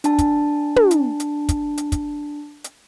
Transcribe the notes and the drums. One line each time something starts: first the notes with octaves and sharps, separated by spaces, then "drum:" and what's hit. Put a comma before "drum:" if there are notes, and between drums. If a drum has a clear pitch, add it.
D4 A5, drum: hi-hat
drum: kick, hi-hat
drum: tom
drum: hi-hat
drum: hi-hat
drum: kick, hi-hat
drum: hi-hat
drum: kick, hi-hat
drum: hi-hat